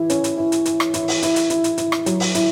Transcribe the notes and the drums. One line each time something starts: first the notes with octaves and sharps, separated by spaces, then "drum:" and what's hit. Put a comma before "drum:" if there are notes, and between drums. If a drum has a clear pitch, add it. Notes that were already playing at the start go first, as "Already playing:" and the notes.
Already playing: E3 E4
C#4, drum: hi-hat
drum: hi-hat
E4
drum: hi-hat
E4, drum: hi-hat
drum: rim click
E4, drum: hi-hat
drum: open hi-hat
E4, drum: hi-hat
drum: hi-hat
E4, drum: hi-hat
drum: hi-hat
E4, drum: hi-hat
drum: rim click
F#3, drum: hi-hat
drum: open hi-hat
E4, drum: hi-hat